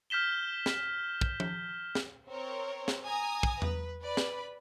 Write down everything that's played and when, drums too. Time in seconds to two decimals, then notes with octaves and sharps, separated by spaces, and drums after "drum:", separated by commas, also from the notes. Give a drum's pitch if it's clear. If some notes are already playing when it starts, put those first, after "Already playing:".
0.10 F6 G6 B6 E7 G7
0.66 drum: snare
1.21 drum: kick
1.40 drum: tom F3
1.95 drum: snare
2.29 C4 A#4 C#5
2.88 drum: snare
3.04 G#5 A#5 D#6
3.43 drum: kick
3.62 B4, drum: tom E2
4.03 B4 D5 B5
4.17 drum: snare